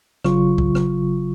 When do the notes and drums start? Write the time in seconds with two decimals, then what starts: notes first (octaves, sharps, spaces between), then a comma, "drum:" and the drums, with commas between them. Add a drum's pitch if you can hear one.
0.24 G#1 C#3 F#3 F4 C#6, drum: rim click
0.58 drum: kick C2
0.75 drum: rim click